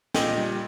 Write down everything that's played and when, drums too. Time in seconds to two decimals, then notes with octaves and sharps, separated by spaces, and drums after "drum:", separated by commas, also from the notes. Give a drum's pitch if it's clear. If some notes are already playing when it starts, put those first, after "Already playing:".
0.14 A#2 D#5 G5, drum: snare
0.37 G3